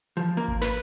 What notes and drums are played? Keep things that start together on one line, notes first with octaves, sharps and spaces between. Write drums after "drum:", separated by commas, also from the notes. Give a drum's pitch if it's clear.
F3
A#3
drum: kick G#1
B4, drum: snare